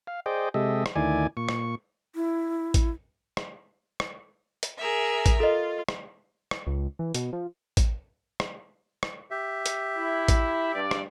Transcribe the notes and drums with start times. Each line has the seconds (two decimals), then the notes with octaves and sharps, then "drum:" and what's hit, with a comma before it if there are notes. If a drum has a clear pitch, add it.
0.07 F5
0.26 G#4 C5 D5 D#5 G5
0.54 C3 G#3 G4 A4 D#5 E5
0.86 drum: rim click
0.96 D2 D#3 E4 D5 G#5
1.37 A#2 C#6
1.49 drum: rim click
2.15 E4
2.74 drum: kick A1, hi-hat
3.37 drum: rim click
4.00 drum: rim click
4.63 drum: hi-hat
4.78 G#4 A#4 E5
5.26 drum: kick A1, hi-hat
5.40 F4 A4 D#5
5.89 drum: rim click
6.51 drum: rim click
6.67 C#2
6.99 E3
7.15 B2, drum: hi-hat
7.33 F3
7.77 drum: kick A1, hi-hat
8.40 drum: rim click
9.03 drum: rim click
9.31 G4 E5
9.66 drum: hi-hat
9.96 E4
10.28 drum: kick A1, hi-hat
10.74 G2 D5
10.91 drum: rim click